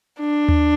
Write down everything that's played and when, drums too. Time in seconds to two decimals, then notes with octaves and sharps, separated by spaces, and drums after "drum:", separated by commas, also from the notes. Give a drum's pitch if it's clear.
0.20 D4
0.49 drum: tom D#2